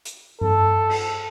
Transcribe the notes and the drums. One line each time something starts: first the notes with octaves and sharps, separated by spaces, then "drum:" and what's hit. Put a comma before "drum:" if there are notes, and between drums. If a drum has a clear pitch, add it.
drum: hi-hat
A4, drum: tom G2
drum: cymbal